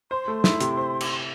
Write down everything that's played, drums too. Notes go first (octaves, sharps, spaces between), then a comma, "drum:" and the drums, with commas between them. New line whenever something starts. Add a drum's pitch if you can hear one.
C5 C6
A3
E4, drum: snare
C3, drum: hi-hat
C5
drum: cymbal